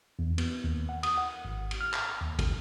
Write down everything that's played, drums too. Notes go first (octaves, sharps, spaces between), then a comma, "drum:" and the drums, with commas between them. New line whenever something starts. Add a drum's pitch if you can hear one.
E2
B3, drum: cymbal
D#2
F#5
D#6, drum: cymbal
F#5
G#1
drum: cymbal
F6
drum: clap
D#2
drum: kick, cymbal